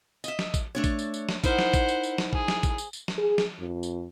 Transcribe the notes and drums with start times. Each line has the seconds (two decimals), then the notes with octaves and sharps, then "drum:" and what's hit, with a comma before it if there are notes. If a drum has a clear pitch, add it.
0.24 D#5 E5, drum: tambourine
0.39 drum: snare
0.54 drum: kick A1, tambourine
0.75 A3 D4 C#5
0.84 drum: kick A1, tambourine
0.99 drum: tambourine
1.14 drum: tambourine
1.29 drum: snare
1.44 D#4 E4 A#4 C5 F#5, drum: kick A1, tambourine
1.59 drum: snare
1.74 drum: kick A1, tambourine
1.88 drum: tambourine
2.03 drum: tambourine
2.18 drum: snare
2.33 G#4, drum: kick A1
2.48 drum: snare
2.63 drum: kick A1, tambourine
2.78 drum: tambourine
2.93 drum: tambourine
3.08 drum: snare
3.18 G#4
3.38 drum: snare
3.60 F2
3.83 drum: tambourine